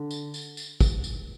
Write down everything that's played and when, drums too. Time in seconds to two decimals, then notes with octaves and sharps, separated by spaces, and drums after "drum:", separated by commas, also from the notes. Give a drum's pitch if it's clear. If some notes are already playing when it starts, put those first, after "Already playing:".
Already playing: D3
0.11 drum: tambourine
0.34 drum: tambourine
0.57 drum: tambourine
0.81 drum: kick, tambourine
1.04 drum: tambourine